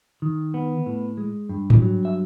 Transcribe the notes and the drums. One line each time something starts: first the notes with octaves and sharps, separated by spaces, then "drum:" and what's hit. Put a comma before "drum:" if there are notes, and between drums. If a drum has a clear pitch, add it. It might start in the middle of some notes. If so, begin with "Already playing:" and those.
D#3
B3
A2
G#3
G2
drum: tom G#2
F#3
E5